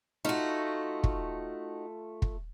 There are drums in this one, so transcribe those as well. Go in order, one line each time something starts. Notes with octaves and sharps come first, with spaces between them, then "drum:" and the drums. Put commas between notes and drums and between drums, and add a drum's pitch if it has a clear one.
A3 D#4 F4 F#4
drum: kick
drum: kick